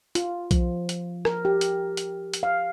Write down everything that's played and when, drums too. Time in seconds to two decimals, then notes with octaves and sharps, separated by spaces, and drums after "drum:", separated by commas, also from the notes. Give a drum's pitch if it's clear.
0.15 F4, drum: hi-hat
0.51 F3, drum: kick B1, hi-hat
0.89 drum: hi-hat
1.25 A#4, drum: rim click
1.45 G4
1.61 drum: hi-hat
1.97 drum: hi-hat
2.34 drum: hi-hat
2.43 F5